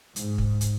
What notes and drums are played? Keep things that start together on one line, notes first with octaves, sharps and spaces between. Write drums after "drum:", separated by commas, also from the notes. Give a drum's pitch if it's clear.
G#2, drum: hi-hat
drum: kick
drum: hi-hat